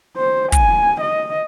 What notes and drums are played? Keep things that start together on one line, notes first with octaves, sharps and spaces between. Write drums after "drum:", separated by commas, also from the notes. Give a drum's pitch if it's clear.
C5
G#5, drum: kick, hi-hat
D#5